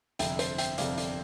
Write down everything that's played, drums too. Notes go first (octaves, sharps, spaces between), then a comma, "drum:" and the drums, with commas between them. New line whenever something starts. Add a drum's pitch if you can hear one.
G1 F2 C3 E5 G5, drum: hi-hat
C5 E5, drum: hi-hat
E5 G5, drum: hi-hat
G1 F2 C3 D5 F5, drum: hi-hat
D5 F5, drum: hi-hat